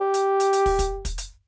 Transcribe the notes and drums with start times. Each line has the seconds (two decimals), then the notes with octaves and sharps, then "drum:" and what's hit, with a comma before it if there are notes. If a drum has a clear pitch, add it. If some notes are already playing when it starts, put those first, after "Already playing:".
0.01 G4
0.14 drum: hi-hat
0.40 drum: hi-hat
0.53 drum: hi-hat
0.66 drum: kick, open hi-hat
0.79 drum: kick, hi-hat
1.05 drum: kick, hi-hat
1.18 drum: hi-hat